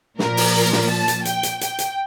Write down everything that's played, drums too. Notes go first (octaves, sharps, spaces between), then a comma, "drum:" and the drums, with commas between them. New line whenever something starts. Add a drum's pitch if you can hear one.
A#2 F3 A#4, drum: snare
drum: open hi-hat
drum: snare
A5
drum: hi-hat
G5, drum: hi-hat
drum: hi-hat
G5, drum: hi-hat
drum: hi-hat